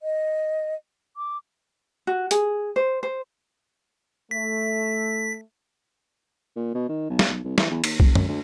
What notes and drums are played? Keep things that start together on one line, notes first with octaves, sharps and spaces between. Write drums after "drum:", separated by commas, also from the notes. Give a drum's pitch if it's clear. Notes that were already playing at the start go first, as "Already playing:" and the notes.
D#5
D6
F#4
G#4, drum: hi-hat
C5
C5
A3 B6
A#2
B2
D#3
B1
drum: snare
B1
C2
E3, drum: snare
E2
D#2, drum: cymbal
F#1, drum: kick B1
F#2, drum: tom
D2